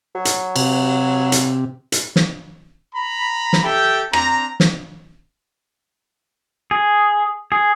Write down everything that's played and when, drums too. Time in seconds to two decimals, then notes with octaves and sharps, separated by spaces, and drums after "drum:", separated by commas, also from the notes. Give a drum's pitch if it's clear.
0.15 F#3
0.25 drum: hi-hat
0.56 C3, drum: cymbal
1.32 drum: hi-hat
1.92 drum: hi-hat
2.16 drum: snare
2.95 A#5 B5
3.53 drum: snare
3.63 G4 A4 E5 G5
4.13 C4 D4 A#5, drum: rim click
4.60 drum: snare
6.71 G#4
7.52 G#4